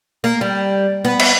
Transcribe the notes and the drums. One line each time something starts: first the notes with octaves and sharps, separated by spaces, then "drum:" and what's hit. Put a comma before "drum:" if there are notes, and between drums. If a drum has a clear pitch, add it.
A#3
G3
B3
drum: cymbal